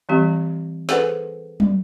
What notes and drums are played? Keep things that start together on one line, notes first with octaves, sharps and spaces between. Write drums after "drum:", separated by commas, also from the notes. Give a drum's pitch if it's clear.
E3 G3 C4 G4 D#5
G#4 A4 B4 C5 F#5 G#5, drum: snare
drum: tom F#3